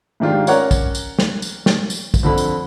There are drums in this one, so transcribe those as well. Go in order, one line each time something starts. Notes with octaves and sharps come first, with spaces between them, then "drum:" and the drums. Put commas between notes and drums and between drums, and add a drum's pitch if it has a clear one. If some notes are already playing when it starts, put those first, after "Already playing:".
G#2 D#3 D4 F4 G4
C#4 A#4 C#5 D5 F#5 A#5, drum: tambourine
drum: kick, tambourine
drum: tambourine
drum: snare
drum: tambourine
drum: snare
drum: tambourine
drum: kick, tambourine
F2 D3 B5
drum: tambourine